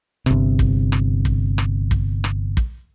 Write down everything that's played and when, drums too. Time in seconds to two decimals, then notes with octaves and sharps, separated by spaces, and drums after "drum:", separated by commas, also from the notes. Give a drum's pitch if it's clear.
0.26 G1 C3, drum: rim click
0.59 drum: kick
0.92 drum: rim click
1.25 drum: kick
1.58 drum: rim click
1.91 drum: kick
2.24 drum: rim click
2.57 drum: kick